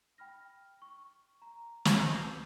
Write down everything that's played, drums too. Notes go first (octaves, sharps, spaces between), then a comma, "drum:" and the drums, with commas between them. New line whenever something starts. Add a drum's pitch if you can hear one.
G5 B5 F6 A#6
C#6
A#5
A5 G6, drum: snare
B4 D6 E6 G6 C7